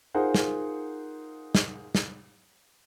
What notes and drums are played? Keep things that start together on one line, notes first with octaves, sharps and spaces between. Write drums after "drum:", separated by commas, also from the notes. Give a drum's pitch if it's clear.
D#4 F4 G#4 A#4 C5 F#5
drum: snare
drum: snare
drum: snare